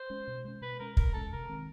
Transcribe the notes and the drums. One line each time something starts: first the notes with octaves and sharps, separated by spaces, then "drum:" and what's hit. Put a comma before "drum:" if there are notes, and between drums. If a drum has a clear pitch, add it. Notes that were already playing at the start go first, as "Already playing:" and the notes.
Already playing: C5
G#3 C#4
B2
G#3 C#4
B2 B4
G#3 C#4 A#4
B2 A#4, drum: kick
G#3 C#4 A4
C3 A#4
D#3 G#3 C4